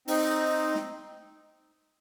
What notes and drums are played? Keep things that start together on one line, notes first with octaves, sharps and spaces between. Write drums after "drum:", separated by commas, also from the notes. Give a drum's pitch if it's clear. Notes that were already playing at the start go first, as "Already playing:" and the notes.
C4 D#4, drum: open hi-hat
drum: snare